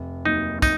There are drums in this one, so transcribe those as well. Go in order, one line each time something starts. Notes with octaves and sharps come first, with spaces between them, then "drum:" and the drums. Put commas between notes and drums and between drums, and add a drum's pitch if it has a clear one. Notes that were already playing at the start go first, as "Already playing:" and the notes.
Already playing: F1
D#2 D#3 F#3 D#4
D#4, drum: kick, tambourine